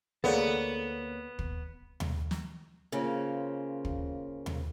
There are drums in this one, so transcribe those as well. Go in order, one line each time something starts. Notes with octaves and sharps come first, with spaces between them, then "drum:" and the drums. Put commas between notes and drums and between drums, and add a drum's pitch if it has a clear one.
D2 A#3 B3 G#4 A4 C#5 D5
drum: kick
drum: tom D#2
drum: snare
C#3 A#3 C4 C#4 F4
drum: kick
drum: tom D#2